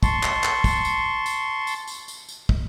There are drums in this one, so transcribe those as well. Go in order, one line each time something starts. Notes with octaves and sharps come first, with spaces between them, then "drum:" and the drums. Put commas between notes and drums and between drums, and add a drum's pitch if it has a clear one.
A5 C6 C#6, drum: kick, tambourine
drum: clap
drum: clap
drum: kick, tambourine
drum: tambourine
drum: tambourine
drum: tambourine
drum: tambourine
drum: tambourine
drum: tambourine
drum: kick